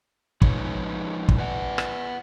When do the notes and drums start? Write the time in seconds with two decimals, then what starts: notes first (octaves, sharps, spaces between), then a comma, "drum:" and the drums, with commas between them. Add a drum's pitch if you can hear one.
0.42 F3 G#3 D#4 B4 C#5, drum: kick
1.29 drum: kick
1.38 B4 D5 F#5
1.78 drum: rim click